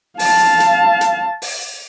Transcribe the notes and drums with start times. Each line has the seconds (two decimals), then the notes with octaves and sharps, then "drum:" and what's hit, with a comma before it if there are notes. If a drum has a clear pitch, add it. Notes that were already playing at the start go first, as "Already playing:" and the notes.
0.19 F5 A5, drum: open hi-hat
0.60 drum: hi-hat
1.01 drum: hi-hat
1.42 drum: open hi-hat